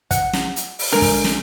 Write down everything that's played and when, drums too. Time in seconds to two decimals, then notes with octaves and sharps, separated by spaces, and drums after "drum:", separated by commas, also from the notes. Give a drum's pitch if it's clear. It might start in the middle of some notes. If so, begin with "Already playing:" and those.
0.11 F#5, drum: kick, hi-hat
0.33 drum: snare
0.56 drum: hi-hat
0.79 drum: open hi-hat
0.93 D3 G#3 A#4 G#5
1.02 drum: kick, open hi-hat
1.24 drum: snare